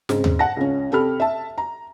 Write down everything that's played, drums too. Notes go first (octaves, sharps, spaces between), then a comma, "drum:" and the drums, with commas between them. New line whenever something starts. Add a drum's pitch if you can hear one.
G#2 C#3 C4, drum: snare
drum: tom D#2
F#5 A5 A#6
C#2 C#4
C3 G4 A4 B5 F6
E5 A5
A#5